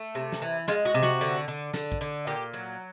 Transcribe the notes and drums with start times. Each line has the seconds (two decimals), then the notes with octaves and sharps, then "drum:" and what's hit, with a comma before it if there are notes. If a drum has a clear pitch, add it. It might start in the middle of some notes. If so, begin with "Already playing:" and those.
Already playing: A3
0.15 C3
0.32 drum: snare
0.42 E3
0.68 G#3 F4, drum: snare
0.85 F#4
0.94 C3
1.03 F#4, drum: snare
1.21 D3
1.48 D3
1.74 D3, drum: snare
1.92 drum: kick
2.01 D3
2.27 A#2 G4
2.54 F#3